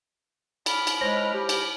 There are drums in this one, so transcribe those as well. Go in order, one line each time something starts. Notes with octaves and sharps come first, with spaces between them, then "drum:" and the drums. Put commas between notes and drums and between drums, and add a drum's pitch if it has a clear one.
B5 F6, drum: cymbal
drum: cymbal
G#3 C5 C#5 A#6
G4
drum: cymbal